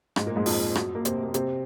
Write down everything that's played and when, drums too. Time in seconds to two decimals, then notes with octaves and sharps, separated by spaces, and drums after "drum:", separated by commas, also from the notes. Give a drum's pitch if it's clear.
0.16 G#2 G#3, drum: rim click
0.26 A#2 A#3
0.36 G#2 G#3
0.46 F2 F3, drum: open hi-hat
0.75 F#2 F#3, drum: rim click
0.95 A#3
1.05 C3 C4, drum: hi-hat
1.23 A#3
1.34 C3 C4, drum: hi-hat